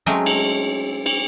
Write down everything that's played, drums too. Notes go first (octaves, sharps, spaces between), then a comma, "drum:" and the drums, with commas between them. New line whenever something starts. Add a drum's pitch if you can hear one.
F#3 G#3 A3 C4 C#4
drum: cymbal
drum: cymbal